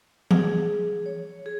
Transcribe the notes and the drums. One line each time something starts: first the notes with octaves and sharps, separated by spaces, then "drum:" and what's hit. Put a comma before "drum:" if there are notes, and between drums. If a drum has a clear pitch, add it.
G#4, drum: tom E3
C#5
G#4